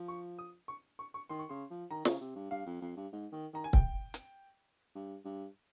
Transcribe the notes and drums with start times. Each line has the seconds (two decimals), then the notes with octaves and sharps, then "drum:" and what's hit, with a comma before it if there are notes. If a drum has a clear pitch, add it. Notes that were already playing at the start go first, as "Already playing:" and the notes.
Already playing: F3
0.08 C#6
0.39 D#6
0.68 C#6
0.99 C#6
1.14 C#6
1.29 D#3 C6
1.39 C#6
1.49 C#3 C6
1.71 F3
1.90 D#3 A#5
2.05 C#3, drum: snare
2.21 C3
2.36 G2
2.51 G2 F5
2.66 F2
2.82 F2
2.97 G2
3.13 G#2
3.32 D#3
3.53 D#3 A#5
3.64 G#5
3.73 G5, drum: kick C#1
4.14 drum: hi-hat
4.95 G2
5.25 G2